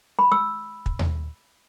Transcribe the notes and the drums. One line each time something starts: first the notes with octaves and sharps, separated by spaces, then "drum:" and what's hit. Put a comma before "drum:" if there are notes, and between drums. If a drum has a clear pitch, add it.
B5
E6
drum: kick
drum: tom D#2